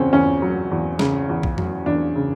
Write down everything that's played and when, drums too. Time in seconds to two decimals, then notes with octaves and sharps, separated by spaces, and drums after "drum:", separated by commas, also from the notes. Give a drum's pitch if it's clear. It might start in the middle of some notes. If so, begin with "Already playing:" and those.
Already playing: E2 C#3 C4 C#4
0.13 E2 C#4
0.42 F#3
0.71 E2
0.99 C#3, drum: snare
1.29 E2
1.43 drum: kick A#1
1.58 F#3, drum: tom F2
1.86 E2 D4
2.16 C#3